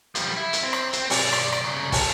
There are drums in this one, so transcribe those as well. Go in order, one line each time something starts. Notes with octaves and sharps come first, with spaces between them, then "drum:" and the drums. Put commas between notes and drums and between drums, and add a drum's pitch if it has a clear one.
F3 G3, drum: hi-hat
E4
drum: hi-hat
C4
drum: rim click
drum: hi-hat
B1 D5, drum: open hi-hat
drum: rim click
drum: rim click
C2 C#3
F4 A4, drum: kick, open hi-hat